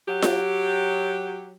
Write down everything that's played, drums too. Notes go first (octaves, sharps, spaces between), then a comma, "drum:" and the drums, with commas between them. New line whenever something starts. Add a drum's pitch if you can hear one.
F#3 G4
drum: snare F4